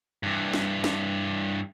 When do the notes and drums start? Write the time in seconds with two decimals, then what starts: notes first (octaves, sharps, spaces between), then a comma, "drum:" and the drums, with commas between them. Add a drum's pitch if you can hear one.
0.23 G2 E3
0.53 drum: snare
0.84 drum: snare